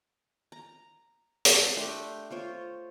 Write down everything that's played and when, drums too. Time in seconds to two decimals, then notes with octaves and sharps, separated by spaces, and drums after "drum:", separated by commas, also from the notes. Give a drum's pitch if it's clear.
0.52 A#5
1.45 drum: hi-hat
1.77 A3 D4 G4 C6
2.31 F4 C5 C#5